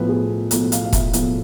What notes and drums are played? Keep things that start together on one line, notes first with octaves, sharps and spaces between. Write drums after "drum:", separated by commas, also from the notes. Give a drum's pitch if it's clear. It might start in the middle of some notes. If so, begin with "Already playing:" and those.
Already playing: B1 A2 F3 B4
G#4
B1 A2 F3 A4, drum: hi-hat
F5, drum: hi-hat
F5
E5, drum: kick E1, hi-hat
B1 A2 F3, drum: hi-hat